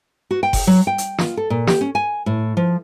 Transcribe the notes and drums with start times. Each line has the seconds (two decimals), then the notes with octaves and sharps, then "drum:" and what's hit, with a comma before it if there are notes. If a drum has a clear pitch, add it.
0.31 F#4
0.43 G5
0.53 drum: kick F#1, open hi-hat
0.67 F#3
0.87 G5
0.98 drum: hi-hat
1.18 F4, drum: snare
1.37 A4
1.50 A#2
1.67 G4, drum: snare
1.81 C#4
1.95 G#5
2.26 A2
2.57 F3